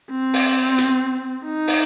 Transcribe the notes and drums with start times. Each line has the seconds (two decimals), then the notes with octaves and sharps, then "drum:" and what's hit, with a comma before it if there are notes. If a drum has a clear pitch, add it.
0.11 C4
0.34 drum: open hi-hat
0.78 drum: hi-hat
1.46 D#4
1.68 drum: open hi-hat